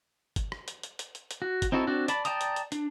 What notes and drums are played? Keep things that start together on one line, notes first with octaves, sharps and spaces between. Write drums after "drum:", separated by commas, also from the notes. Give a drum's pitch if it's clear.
drum: kick G1, hi-hat
drum: rim click
drum: hi-hat
drum: hi-hat
drum: hi-hat
drum: hi-hat
drum: hi-hat
F#4
drum: kick G1, hi-hat
C4 D#4 E4 F#4 A4
C4 D4 F#4
D5 A5 B5, drum: hi-hat
D5 G5 A5 A#5 D#6, drum: hi-hat
drum: hi-hat
drum: hi-hat
D4, drum: hi-hat